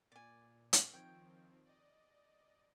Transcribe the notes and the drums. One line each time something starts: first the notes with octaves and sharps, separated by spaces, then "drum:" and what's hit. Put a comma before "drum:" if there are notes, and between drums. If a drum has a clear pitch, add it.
A#2 D5 G#5
drum: hi-hat
D#3 F3 C4 C#5 G5
D5 D#5